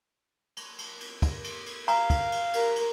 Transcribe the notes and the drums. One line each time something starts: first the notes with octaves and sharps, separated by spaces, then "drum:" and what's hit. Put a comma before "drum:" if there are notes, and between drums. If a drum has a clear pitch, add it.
drum: cymbal
drum: cymbal
drum: cymbal
drum: kick, cymbal
drum: cymbal
drum: cymbal
F5 A#5, drum: cymbal
drum: kick, cymbal
drum: cymbal
A#4, drum: cymbal
drum: cymbal